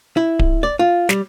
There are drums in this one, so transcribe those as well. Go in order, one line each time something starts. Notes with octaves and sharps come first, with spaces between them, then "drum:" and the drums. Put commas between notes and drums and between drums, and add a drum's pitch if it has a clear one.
E4
drum: kick D1
D5
F4
G3, drum: snare